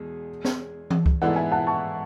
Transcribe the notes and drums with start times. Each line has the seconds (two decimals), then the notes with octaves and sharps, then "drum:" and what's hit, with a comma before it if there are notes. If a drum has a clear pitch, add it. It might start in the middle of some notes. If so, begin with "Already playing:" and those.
Already playing: E2 B2 G#3
0.45 drum: snare
0.90 drum: tom E3
1.06 drum: kick
1.21 G#2 E3 B3 E4 A4 D5 F#5
1.36 E5 G#5
1.52 F#5 A5
1.67 A5 C#6